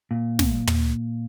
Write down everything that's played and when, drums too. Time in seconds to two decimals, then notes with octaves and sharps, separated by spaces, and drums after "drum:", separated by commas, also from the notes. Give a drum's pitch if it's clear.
0.11 A#2
0.39 drum: snare
0.67 drum: tom